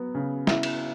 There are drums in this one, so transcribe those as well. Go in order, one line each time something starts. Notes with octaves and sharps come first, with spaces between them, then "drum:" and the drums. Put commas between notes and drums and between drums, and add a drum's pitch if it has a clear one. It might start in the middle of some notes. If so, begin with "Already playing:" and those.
Already playing: F#3 B3
C#3
E4, drum: snare
drum: cymbal